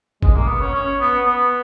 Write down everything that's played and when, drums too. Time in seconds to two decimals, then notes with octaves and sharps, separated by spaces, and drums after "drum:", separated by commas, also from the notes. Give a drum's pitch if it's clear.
0.22 G#3, drum: kick G1
0.35 A#3
0.47 B3
0.61 C#4
0.74 C#4
1.00 B3
1.26 B3